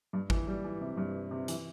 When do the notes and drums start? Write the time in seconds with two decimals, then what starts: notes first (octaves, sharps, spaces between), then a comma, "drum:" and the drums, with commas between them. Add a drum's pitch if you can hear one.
0.13 G2
0.30 E3, drum: kick
0.47 G3
0.64 E3
0.81 C3
0.97 G2
1.31 C3
1.48 E3, drum: hi-hat